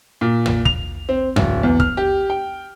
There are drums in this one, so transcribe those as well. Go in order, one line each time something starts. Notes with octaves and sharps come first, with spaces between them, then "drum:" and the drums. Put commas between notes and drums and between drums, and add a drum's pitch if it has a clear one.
A#2
drum: tom
F7, drum: kick
C4
D1, drum: tom
E2
F6, drum: kick
G4
G5